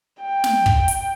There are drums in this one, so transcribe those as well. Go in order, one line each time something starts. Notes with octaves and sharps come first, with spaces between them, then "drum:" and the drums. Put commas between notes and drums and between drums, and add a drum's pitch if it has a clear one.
G5
drum: snare
drum: kick
drum: hi-hat